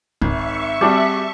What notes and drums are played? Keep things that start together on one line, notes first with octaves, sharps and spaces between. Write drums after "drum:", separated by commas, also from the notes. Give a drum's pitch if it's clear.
G#1 E5 C#6, drum: kick
G3 C4 F#4 G#4 D5 A5